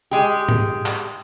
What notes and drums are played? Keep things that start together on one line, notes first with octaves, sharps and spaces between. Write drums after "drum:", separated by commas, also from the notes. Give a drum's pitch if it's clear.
G#3 G4
drum: tom G#2
drum: clap